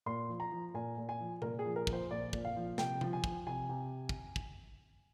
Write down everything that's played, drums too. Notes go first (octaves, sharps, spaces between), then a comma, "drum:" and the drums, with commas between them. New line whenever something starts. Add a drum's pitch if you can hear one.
A#2 C6
F3
A#5
F3
A#2 G#5
A#2
G#5
F3
A#2 A#4, drum: tom C3
G#4
F3
A#4
F3, drum: kick
C5
A#2 D5
A#2, drum: kick
F5
F3
C3 G5, drum: snare
F3, drum: tom C3
G#5
F3, drum: kick
C3 G#5
C3
drum: kick
drum: kick